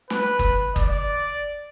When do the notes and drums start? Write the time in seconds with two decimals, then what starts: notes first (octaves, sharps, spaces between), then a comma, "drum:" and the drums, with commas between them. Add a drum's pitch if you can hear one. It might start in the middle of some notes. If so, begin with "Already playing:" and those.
0.10 B4, drum: snare
0.39 drum: kick
0.76 D5, drum: kick